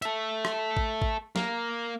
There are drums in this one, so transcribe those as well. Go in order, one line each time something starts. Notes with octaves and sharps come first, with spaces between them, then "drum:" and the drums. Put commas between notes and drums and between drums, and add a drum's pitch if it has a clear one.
A4 E5, drum: hi-hat
drum: rim click
drum: kick A1
drum: kick A1
A#3 A#4, drum: snare